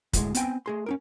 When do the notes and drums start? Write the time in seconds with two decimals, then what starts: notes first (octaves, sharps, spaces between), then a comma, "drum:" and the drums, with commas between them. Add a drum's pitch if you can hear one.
0.13 D2 A2 G#3, drum: kick, hi-hat
0.35 B3 C4 G5 G#5, drum: hi-hat
0.66 A3 G#4 C6
0.86 C#4 D#4 A#4